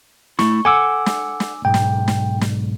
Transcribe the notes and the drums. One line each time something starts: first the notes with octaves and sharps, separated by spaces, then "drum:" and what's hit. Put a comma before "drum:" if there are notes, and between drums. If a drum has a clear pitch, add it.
A3 E4 C#6, drum: snare
A4 F#5 G#5 D6 E6
drum: snare
drum: snare
B1 G#2 G5
drum: snare
drum: snare
drum: snare